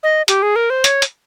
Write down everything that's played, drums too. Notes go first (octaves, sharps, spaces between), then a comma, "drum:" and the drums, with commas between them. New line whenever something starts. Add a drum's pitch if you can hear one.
D#5
G4, drum: hi-hat
G#4
A#4
C5
C#5, drum: hi-hat
drum: hi-hat